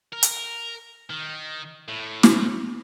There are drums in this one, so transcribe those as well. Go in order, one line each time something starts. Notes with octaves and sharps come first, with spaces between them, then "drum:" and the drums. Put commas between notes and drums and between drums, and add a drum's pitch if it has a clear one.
A#4
drum: hi-hat
D#3
A2
drum: snare